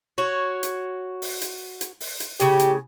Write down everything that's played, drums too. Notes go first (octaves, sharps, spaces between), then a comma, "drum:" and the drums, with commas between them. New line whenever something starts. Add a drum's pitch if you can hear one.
F#4 C#5
drum: hi-hat
drum: open hi-hat
drum: hi-hat
drum: hi-hat
drum: open hi-hat
drum: hi-hat
A2 C#3 G4, drum: hi-hat
drum: hi-hat